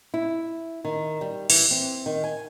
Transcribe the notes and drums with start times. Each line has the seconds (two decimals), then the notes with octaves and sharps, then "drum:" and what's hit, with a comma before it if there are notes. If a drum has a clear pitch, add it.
0.14 E4
0.85 D#3
1.21 G3
1.50 E3, drum: open hi-hat
1.71 C4
2.06 D#3
2.24 G#5